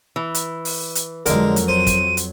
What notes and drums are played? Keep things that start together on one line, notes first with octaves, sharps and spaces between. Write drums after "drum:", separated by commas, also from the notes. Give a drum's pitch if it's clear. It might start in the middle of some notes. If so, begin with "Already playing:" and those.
E3
drum: hi-hat
drum: open hi-hat
drum: hi-hat
F2 D3 F#3 G#3 A#4, drum: hi-hat
drum: hi-hat
C5 D#7
drum: kick, hi-hat
drum: hi-hat